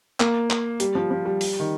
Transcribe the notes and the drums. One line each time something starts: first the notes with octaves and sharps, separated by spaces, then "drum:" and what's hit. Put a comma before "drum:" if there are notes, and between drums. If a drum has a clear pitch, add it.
A#3, drum: clap
drum: clap
G3, drum: hi-hat
F3
F3
G3
drum: open hi-hat
D#3